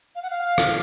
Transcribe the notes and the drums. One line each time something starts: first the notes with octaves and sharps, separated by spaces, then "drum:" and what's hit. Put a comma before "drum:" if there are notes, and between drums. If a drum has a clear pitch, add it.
F5
F#5
F5
drum: rim click